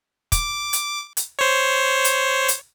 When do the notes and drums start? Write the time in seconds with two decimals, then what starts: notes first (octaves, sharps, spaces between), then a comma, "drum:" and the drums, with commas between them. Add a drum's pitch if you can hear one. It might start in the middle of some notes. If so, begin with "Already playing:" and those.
0.32 D6, drum: kick, hi-hat
0.73 drum: hi-hat
1.17 drum: hi-hat
1.39 C5 C#5
2.04 drum: hi-hat
2.48 drum: hi-hat